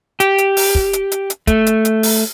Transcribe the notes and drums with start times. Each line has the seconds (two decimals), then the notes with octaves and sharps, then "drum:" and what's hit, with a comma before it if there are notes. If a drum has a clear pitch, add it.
0.20 G4, drum: hi-hat
0.38 drum: hi-hat
0.57 drum: open hi-hat
0.75 drum: kick
0.93 drum: hi-hat
1.12 drum: hi-hat
1.30 drum: hi-hat
1.47 A3, drum: kick, hi-hat
1.66 drum: hi-hat
1.85 drum: hi-hat
2.03 drum: open hi-hat